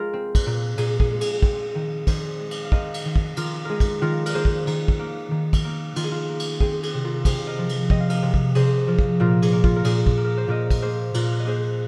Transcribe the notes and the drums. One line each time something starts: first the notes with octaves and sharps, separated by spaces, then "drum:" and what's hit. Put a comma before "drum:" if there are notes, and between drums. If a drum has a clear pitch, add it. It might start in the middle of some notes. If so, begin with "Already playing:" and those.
Already playing: G#3 F4 G#4 A#4
C4
drum: kick, cymbal
A#2
A#2 G#4, drum: cymbal
G#4, drum: kick
G#3
G#4, drum: cymbal
C4, drum: kick
D#3
D#3 G#4 C5, drum: kick, cymbal
G#3
drum: cymbal
F5
C4 A#4 D#5, drum: kick
drum: cymbal
D#3
drum: kick
D#3 F4 A#4, drum: cymbal
G#3 G#4 A#4
drum: kick, cymbal
D#3 F4 A#4
A#4, drum: cymbal
A#3 G#4 C5
drum: kick
D#3, drum: cymbal
drum: kick
A#3
D#3
drum: kick, cymbal
A#3
D#3 F4, drum: cymbal
G#4
F4
A#3
drum: cymbal
C4 G#4, drum: kick
G#4, drum: cymbal
C3
F4 A#4
C3 G#4 C5, drum: kick, cymbal
A#4 D#5
F3
drum: cymbal
C4 D#5, drum: kick
F5
A#4 D#5, drum: cymbal
C3
drum: kick
C3 G#4 C5, drum: cymbal
F3
drum: kick
A#2 F4 A#4
G#4, drum: cymbal
A#3
F4, drum: kick
A#4
A#2 G#4, drum: cymbal
drum: kick
A#3
A#4
C5
A#2 A#4 D#5
D#5, drum: kick, cymbal
A#3 G#4 C5
A#2 F4 A#4, drum: cymbal
D#5
A#3 G#4 C5